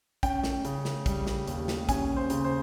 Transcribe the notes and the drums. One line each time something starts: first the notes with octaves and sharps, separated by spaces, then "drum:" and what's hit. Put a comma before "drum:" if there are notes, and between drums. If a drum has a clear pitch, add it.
C#4 G5, drum: kick, hi-hat
drum: snare
C#3, drum: hi-hat
drum: snare
G3, drum: kick, hi-hat
drum: snare
D#2, drum: hi-hat
drum: snare
C#4 G#5, drum: kick, hi-hat
C5
C#3, drum: hi-hat
C5